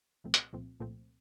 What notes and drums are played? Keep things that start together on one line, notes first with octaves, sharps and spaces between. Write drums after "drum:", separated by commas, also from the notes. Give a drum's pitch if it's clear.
C2 A#2 F3 A3 C4
drum: hi-hat
C2 A#2 F3 A3 C4
C2 A#2 F3 A3 C4